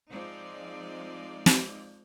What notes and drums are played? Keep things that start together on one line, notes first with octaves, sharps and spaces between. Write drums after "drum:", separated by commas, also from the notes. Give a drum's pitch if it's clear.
F3 G#3 C4 D#4 D5
drum: snare